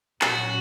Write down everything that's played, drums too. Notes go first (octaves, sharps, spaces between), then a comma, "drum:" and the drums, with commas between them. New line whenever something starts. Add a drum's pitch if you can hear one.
A#2 F#3 C#4 F#4, drum: clap